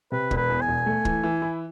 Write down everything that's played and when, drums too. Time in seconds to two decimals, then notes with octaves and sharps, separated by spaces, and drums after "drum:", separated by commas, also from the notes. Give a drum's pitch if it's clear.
0.12 C3 B4
0.31 E1, drum: kick
0.37 B4
0.49 E2
0.61 G#5
0.68 E1
0.86 A3
1.05 E3, drum: kick
1.24 E3
1.42 E4